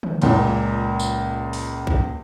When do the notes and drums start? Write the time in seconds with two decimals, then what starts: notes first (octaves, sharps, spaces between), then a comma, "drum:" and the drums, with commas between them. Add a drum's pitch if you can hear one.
0.03 drum: tom D3
0.22 C#2 A#2, drum: cymbal
1.00 drum: tambourine
1.53 drum: open hi-hat
1.87 drum: kick A#1